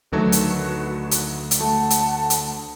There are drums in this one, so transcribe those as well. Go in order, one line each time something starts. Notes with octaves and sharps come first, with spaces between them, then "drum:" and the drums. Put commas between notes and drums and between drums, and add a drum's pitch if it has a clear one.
D2 D#3 F#3 A3 F#4 B4
drum: hi-hat
drum: hi-hat
drum: hi-hat
A3 F#5 A5
drum: hi-hat
drum: hi-hat